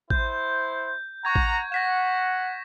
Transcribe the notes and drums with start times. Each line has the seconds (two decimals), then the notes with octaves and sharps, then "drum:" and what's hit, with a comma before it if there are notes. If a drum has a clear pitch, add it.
0.10 E4 C5 G6, drum: kick A1
1.25 F#5 A#5 C#6 G#6
1.35 drum: kick A1
1.72 F#5 A#6 B6 E7